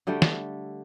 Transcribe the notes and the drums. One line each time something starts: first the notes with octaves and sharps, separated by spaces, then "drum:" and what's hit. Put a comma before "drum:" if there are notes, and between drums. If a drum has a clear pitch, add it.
D3 G3 A3 G5
drum: snare